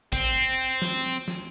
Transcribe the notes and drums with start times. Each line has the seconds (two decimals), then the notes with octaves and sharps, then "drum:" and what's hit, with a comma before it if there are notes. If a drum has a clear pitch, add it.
0.13 C4, drum: kick A1
0.82 drum: snare
1.28 drum: snare